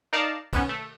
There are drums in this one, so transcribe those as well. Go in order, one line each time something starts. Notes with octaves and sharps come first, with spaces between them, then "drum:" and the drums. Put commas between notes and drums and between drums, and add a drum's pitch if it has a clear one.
D#4 A#4 D5 F5 A5 A#5
G#2 B3 C#4, drum: kick, cymbal
A3